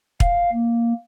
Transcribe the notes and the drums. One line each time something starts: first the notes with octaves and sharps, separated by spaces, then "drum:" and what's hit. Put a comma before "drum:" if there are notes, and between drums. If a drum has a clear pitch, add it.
F5, drum: kick
A#3